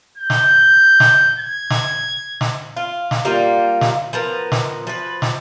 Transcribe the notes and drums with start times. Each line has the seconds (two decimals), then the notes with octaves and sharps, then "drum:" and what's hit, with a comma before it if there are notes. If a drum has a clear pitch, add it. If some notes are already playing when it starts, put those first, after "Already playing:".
0.18 G6
0.30 drum: snare
1.00 drum: snare
1.39 G#6
1.70 drum: snare
2.41 drum: snare
2.77 F4
3.11 drum: snare
3.25 G3 A#3 F4
3.81 drum: snare
4.13 F3 B3 A#4
4.52 drum: snare
4.87 F3 B4
5.22 drum: snare